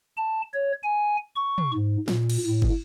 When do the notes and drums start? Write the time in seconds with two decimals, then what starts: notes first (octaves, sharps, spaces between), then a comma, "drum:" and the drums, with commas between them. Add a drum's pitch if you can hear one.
0.17 A5
0.54 C#5
0.83 G#5
1.36 C#6
1.58 drum: tom
1.74 G#2
2.08 A#2, drum: snare
2.30 drum: cymbal
2.46 A2
2.62 drum: kick